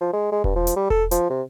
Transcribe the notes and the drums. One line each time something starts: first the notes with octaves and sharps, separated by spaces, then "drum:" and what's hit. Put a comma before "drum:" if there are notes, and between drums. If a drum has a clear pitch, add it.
F3
G#3
G#3
G2, drum: kick E1
F3
drum: hi-hat
G3
A4, drum: kick E1
F3, drum: hi-hat
C3